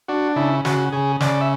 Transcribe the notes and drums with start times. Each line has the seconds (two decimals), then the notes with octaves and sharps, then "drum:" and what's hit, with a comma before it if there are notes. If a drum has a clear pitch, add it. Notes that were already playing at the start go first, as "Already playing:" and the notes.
0.08 D4 F#4
0.36 C#3 E4
0.65 C#3 F#4, drum: snare
0.92 C#3 G#4
1.20 C#3 D5, drum: snare
1.41 E5